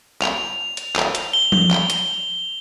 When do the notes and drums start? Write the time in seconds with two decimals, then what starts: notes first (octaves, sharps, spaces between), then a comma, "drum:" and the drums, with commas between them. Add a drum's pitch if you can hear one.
0.22 F7, drum: clap
0.77 drum: hi-hat
0.96 drum: clap
1.15 drum: hi-hat
1.33 G7
1.52 drum: tom F3
1.71 drum: clap
1.90 drum: hi-hat